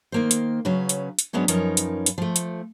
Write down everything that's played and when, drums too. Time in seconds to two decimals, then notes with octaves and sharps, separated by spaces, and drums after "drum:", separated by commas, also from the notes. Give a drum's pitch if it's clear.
0.12 D#3 A#3 C5
0.31 drum: hi-hat
0.65 C#3 F#3 C#4 B4
0.89 drum: hi-hat
1.19 drum: hi-hat
1.33 G#2 F#3 G#3 B3 C#4 D4
1.48 F#2 F3 C#4 D#4 A#4 B4, drum: hi-hat
1.77 drum: hi-hat
2.06 drum: hi-hat
2.18 F3 A3
2.36 drum: hi-hat